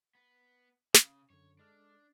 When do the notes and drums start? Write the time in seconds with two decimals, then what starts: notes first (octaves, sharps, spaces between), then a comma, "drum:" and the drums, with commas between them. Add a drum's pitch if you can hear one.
0.15 B3
0.94 C#3 F5, drum: snare
1.30 F#2 D3 C#5
1.59 G#3 D4 A4 F6